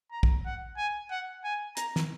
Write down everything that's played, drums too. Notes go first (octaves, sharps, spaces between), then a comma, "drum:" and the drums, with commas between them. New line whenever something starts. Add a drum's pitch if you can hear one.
A#5
drum: kick
F#5
G#5
F#5
G#5
A#5, drum: hi-hat
drum: snare